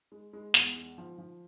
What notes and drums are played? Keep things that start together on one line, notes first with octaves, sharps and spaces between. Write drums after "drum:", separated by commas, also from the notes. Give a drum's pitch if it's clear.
G#3
G#3
E2, drum: snare
G#3
F3
F3